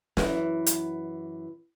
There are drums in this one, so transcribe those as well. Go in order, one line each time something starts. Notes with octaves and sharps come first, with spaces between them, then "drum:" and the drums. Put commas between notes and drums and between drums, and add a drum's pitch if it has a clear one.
F#2 E3, drum: snare
drum: hi-hat